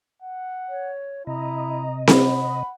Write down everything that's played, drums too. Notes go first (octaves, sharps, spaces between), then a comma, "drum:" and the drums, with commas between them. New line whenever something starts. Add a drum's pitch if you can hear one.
F#5
C#5
C3 E4 D#5 A#5
F#5 B5, drum: snare C4